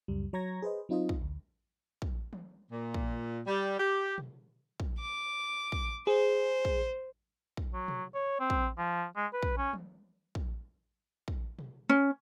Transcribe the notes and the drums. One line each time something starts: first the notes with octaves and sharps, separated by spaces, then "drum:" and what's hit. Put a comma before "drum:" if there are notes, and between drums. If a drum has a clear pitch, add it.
C#2 F#2 G3
F#3 C#5 A#5 C#6 G#6 A#6
G#4 B4 C5 D#5
F#3 C4 D#4 F4 C5 D#5
drum: kick
D2
drum: kick
drum: tom
A#2
drum: kick
G3
G4
drum: tom
drum: kick
D6
drum: kick
G#4 C5
drum: kick
drum: kick
F#3
drum: tom
C#5
C4
drum: kick
F3
G#3
B4
drum: kick
C#4
drum: tom
drum: kick
drum: kick
drum: tom
C#4